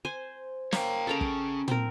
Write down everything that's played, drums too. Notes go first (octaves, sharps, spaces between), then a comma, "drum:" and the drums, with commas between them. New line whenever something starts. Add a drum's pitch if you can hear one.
C5 G#5
A#3 C#5 G5, drum: snare
C#4 G#4 A4 G5 A#5
drum: kick
C4 A#4, drum: tom